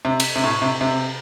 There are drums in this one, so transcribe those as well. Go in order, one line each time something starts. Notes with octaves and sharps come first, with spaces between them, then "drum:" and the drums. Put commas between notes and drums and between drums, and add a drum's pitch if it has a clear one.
C3
drum: cymbal
C3
A2
C3
C3